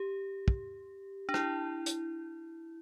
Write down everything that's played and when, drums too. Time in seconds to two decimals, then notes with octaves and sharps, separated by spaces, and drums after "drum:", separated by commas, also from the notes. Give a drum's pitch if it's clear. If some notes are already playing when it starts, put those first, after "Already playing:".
Already playing: G4
0.48 drum: kick
1.29 D4
1.34 E4, drum: rim click
1.86 drum: hi-hat